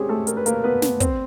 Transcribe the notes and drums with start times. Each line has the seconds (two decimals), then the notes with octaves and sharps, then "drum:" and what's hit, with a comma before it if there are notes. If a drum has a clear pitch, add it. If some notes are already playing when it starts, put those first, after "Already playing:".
Already playing: G#3 C4 C#4 G4 G#4 C#5
0.09 A3 A4
0.27 A#4, drum: hi-hat
0.37 B4
0.46 A#3 A#4, drum: hi-hat
0.64 B3 B4
0.82 drum: snare
1.00 C4 C5, drum: kick, hi-hat